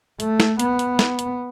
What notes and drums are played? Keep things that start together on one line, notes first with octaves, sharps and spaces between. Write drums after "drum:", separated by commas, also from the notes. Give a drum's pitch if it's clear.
A3, drum: hi-hat
drum: snare
B3, drum: hi-hat
drum: hi-hat
drum: snare
drum: hi-hat